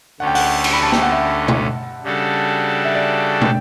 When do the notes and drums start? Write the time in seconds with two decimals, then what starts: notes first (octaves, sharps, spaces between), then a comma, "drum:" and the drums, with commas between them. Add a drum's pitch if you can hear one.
0.20 D2 D3 A3 C#4 F#5
0.27 G5
0.35 F#5, drum: open hi-hat
0.64 drum: cymbal
0.73 B5
0.83 A5
0.92 G5, drum: snare
1.02 F#5
1.12 E5
1.48 drum: tom B2
2.03 C#3 G3 D4 F#4 A4
2.85 E5
2.95 D5
3.41 G5, drum: tom